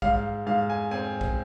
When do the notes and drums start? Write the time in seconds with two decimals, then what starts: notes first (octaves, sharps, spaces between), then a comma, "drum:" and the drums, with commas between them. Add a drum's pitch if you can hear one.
0.02 G#2 F5, drum: kick
0.46 G#2 F5
0.70 G#5
0.91 C4 G#5
1.21 drum: kick